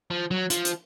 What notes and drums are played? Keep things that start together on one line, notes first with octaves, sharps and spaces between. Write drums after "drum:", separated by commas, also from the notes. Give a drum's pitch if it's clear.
F3
F#3
F3, drum: hi-hat
drum: hi-hat